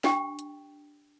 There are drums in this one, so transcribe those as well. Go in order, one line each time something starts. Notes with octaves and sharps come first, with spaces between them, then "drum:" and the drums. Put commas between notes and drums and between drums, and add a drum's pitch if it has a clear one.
D4 G4 G5, drum: snare
drum: hi-hat